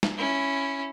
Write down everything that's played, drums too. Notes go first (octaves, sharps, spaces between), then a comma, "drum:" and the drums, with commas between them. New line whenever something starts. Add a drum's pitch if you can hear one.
drum: snare
C#4 E4